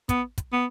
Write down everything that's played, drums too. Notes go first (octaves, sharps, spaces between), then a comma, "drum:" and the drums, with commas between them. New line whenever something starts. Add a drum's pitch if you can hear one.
B3, drum: kick, hi-hat
drum: kick, hi-hat
B3